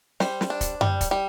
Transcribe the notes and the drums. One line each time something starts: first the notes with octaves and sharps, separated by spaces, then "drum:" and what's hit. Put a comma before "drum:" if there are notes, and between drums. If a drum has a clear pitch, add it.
G3 C5, drum: snare
drum: snare
D4
drum: kick, hi-hat
G3, drum: tom F#2
drum: kick, hi-hat
G3